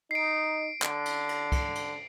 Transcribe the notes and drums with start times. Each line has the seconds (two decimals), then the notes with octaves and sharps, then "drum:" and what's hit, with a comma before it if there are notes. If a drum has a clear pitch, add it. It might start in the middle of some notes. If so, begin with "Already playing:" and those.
0.11 D#4 C7 D7
0.82 D3, drum: clap
1.05 drum: cymbal
1.29 drum: cymbal
1.52 drum: kick, cymbal
1.75 drum: cymbal